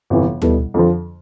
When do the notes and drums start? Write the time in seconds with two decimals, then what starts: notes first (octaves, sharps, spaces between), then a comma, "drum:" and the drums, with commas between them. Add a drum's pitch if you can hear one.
0.10 G1 F2 C3 E3
0.42 B2 G3 B3 E4 A4, drum: tom D2
0.74 F2 D3 F3